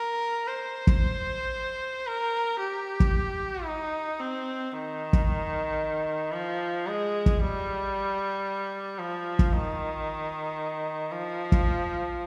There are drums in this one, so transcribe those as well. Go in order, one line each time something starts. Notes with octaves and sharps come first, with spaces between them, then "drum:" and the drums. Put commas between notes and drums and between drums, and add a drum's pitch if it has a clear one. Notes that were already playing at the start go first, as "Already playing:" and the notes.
Already playing: A#4
C5
drum: kick
A#4
G4
drum: kick
D#4
C4
D#3
drum: kick
F3
G#3
drum: kick
G3
F3
drum: kick
D#3
F3
drum: kick